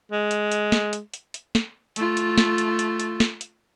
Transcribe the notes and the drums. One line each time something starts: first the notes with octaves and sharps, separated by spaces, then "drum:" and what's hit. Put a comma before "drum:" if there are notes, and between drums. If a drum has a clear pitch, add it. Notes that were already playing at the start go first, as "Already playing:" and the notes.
G#3
drum: hi-hat
drum: hi-hat
drum: snare
drum: hi-hat
drum: hi-hat
drum: hi-hat
drum: snare
A3 F4, drum: hi-hat
drum: hi-hat
drum: snare
drum: hi-hat
drum: hi-hat
drum: hi-hat
drum: snare
drum: hi-hat